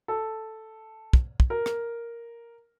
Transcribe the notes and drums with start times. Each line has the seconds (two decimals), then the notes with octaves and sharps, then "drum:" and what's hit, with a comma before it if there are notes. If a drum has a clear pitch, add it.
0.08 A4
1.13 drum: kick
1.40 drum: kick
1.50 A#4
1.66 drum: rim click